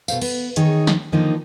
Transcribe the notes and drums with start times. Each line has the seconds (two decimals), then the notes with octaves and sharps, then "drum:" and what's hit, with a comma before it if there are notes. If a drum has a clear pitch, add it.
0.08 B2 A4 C5 F5, drum: tambourine
0.21 B3, drum: cymbal
0.56 D#3 D#4 G#4 C#5, drum: hi-hat
0.87 drum: snare
1.12 D3 D#3 F3 A#3 D#4